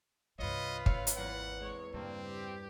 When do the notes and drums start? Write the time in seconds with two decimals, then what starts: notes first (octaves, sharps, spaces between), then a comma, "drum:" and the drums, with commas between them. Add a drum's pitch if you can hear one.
0.39 C2 G2 F4 B4 C#5 D#5
0.86 G#1 C#5 E5 F5, drum: kick
1.07 drum: hi-hat
1.16 E2 A#3 C4 F#5
1.60 G#3 C#5
1.94 G2 C#3 A#3 C4
2.26 G4